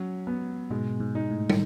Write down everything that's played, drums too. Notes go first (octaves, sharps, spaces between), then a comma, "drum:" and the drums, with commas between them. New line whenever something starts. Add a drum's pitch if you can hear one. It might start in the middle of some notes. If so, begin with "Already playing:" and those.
Already playing: F#3 C#4
B3
G#2 B2 G#3
G#2
D#4
G#2
A2
D#3, drum: tom